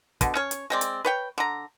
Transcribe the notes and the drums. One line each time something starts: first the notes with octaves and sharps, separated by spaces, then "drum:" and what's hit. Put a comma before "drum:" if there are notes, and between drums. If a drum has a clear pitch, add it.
B2 D3, drum: kick, hi-hat
C#4 C#5
drum: hi-hat
G#3 C4 D5
drum: hi-hat
B4 C#5 G5
D3 A#5